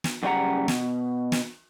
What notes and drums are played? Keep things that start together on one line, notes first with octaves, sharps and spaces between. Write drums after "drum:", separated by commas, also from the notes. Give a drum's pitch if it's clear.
drum: snare
F#2 C#3 G3 E4 F#5 A#5
B2, drum: snare
drum: snare